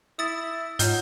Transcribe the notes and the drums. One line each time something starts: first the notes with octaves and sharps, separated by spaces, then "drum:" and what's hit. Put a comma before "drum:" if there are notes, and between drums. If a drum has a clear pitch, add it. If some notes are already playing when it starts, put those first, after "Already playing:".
E4 D#6 A6
G#2 D#4 F4 C#5 F#5 G6, drum: hi-hat